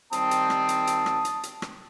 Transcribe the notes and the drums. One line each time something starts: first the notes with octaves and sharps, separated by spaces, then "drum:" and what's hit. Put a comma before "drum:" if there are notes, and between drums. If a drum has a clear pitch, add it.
D#3 G3 C4 A5 D#6, drum: hi-hat
drum: hi-hat
drum: rim click
drum: hi-hat
drum: hi-hat
drum: rim click
drum: hi-hat
drum: hi-hat
drum: rim click